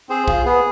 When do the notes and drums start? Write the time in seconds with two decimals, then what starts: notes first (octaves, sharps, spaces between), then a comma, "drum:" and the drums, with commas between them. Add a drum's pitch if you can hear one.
0.09 C4 G#4 C5
0.28 F4 G#4, drum: kick
0.45 B3 G#4